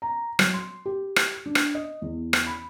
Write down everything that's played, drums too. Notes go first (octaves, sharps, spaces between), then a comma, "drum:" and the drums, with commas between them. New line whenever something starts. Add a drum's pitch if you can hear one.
A#5
F#3, drum: rim click
C6
G4
drum: rim click
D4
drum: rim click
D#5
E2
drum: rim click
B5